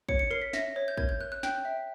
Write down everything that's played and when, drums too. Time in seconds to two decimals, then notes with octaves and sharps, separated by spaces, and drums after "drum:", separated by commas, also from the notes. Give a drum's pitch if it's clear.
0.09 C#5 C#7, drum: kick
0.19 C#7
0.31 A#4 C7
0.42 B6
0.53 E5 A#6, drum: snare
0.76 C#5
0.88 G6
0.97 A#4 G#6, drum: kick
1.09 G6
1.21 A#4 F#6
1.32 F#6
1.43 G5 G6, drum: snare
1.65 E5